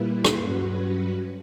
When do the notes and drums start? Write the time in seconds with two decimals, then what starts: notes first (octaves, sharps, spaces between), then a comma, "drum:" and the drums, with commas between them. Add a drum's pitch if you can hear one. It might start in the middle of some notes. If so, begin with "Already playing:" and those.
Already playing: A#2 G3 A#3 E4 B4
0.25 drum: rim click
0.36 G2 F#3 C#4 F#4 B4